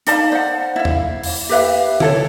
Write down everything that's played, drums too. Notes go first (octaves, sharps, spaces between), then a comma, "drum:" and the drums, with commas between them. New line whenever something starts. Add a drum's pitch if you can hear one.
D#4 D5 F5 A5, drum: hi-hat
C5 F#5
E4 F5
drum: tom E2
drum: open hi-hat
G4 B4 E5 F5
E4 A4 C#5, drum: tom D3